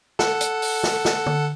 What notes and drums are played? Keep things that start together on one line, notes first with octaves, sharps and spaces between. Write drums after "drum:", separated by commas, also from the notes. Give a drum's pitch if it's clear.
A4 F#5, drum: snare
drum: hi-hat
drum: open hi-hat
drum: snare
drum: snare
drum: tom D3